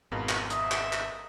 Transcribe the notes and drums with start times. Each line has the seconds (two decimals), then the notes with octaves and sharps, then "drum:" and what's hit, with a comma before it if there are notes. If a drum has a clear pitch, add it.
0.11 G#1 F2 G#2 B2 A#3 E4
0.29 drum: clap
0.50 D#5 E5, drum: hi-hat
0.71 drum: clap
0.93 drum: clap